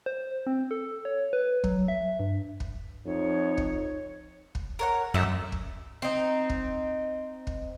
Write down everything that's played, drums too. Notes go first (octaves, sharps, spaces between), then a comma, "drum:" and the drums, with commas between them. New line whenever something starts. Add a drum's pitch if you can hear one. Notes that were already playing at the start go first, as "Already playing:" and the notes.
C5
C4
A4
C#5
B4
F#3, drum: kick
E5
G2
drum: kick
F2 D#4 C#5
drum: kick
drum: kick
A#4 C#5 F#5
F#2 A3 D#5 E5
drum: kick
C4 D#4
drum: kick
drum: kick